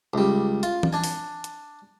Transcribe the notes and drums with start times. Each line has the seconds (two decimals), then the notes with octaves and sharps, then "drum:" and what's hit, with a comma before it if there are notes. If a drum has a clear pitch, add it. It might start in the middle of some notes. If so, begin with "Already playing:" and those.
0.14 C#2 G3
0.63 F4, drum: hi-hat
0.83 drum: tom E3
0.93 D4 G#5
1.04 drum: open hi-hat
1.44 drum: hi-hat